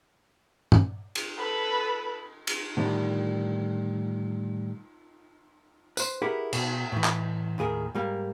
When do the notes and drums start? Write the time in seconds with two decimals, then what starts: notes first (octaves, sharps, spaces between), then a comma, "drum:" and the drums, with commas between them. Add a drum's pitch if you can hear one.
0.72 drum: tom G2
1.15 drum: cymbal
1.38 A4 B4
2.47 drum: cymbal
2.77 A2 D3 D#3 G3
5.97 B4 C5, drum: tambourine
6.22 E4 G4 G#4 A#4 B4 F#5
6.53 B2, drum: cymbal
6.92 A2 E3
7.04 drum: clap
7.58 D#2 A2 G#4 A#4
7.95 G#2 G3 A#3